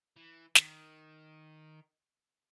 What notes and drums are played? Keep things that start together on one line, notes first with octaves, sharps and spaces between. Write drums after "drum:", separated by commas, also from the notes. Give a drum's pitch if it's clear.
E3
D#3, drum: snare